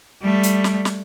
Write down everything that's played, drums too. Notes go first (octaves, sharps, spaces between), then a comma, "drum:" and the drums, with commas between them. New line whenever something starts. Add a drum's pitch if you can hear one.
G3 A3
drum: hi-hat
drum: snare
drum: snare